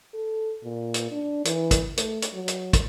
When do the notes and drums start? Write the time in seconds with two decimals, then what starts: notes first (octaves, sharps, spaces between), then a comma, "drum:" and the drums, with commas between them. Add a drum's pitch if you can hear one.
0.14 A4
0.64 A#2
0.94 drum: hi-hat
1.11 D4
1.45 E3, drum: hi-hat
1.71 drum: kick, hi-hat
1.97 A3, drum: hi-hat
2.22 drum: hi-hat
2.33 F#3
2.48 drum: hi-hat
2.73 drum: kick, hi-hat